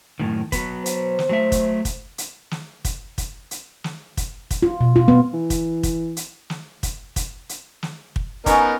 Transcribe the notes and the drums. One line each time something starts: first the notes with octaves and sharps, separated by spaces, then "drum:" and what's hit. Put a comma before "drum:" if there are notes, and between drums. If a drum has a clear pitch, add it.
F#2 A2 D#3
F#3 B3 B4, drum: kick, hi-hat
C5, drum: hi-hat
drum: snare
F#3 A3 E5
drum: kick, hi-hat
drum: kick, hi-hat
drum: hi-hat
drum: snare
drum: kick, hi-hat
drum: kick, hi-hat
drum: hi-hat
drum: snare
drum: kick, hi-hat
drum: kick, hi-hat
F4
B2
F4
B3
E3
drum: kick, hi-hat
drum: kick, hi-hat
drum: hi-hat
drum: snare
drum: kick, hi-hat
drum: kick, hi-hat
drum: hi-hat
drum: snare
drum: kick
B3 C#4 D#4 A#4 B4, drum: kick, hi-hat